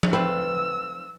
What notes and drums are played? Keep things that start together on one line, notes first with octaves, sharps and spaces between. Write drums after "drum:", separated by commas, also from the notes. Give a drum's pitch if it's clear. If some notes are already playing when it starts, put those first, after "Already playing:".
drum: tom F3
A3 C4 F4 B4 E6